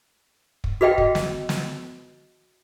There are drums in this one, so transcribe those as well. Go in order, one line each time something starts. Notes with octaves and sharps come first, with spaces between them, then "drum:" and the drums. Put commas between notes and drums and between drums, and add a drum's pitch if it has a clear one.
drum: kick
F#4 G#4 B4 D#5 F5 G5
drum: kick
drum: snare
drum: snare